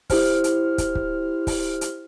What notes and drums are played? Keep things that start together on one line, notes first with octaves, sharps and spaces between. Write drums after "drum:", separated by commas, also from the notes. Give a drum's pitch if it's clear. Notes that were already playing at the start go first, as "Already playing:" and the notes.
E4 G4 C5 F6, drum: kick, open hi-hat
drum: hi-hat
drum: kick, hi-hat
drum: kick
drum: kick, open hi-hat
drum: hi-hat